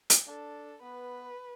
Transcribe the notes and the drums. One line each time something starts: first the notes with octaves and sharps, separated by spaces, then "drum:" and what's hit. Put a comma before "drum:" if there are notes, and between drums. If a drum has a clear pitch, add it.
drum: hi-hat
D4 A4
B3 B4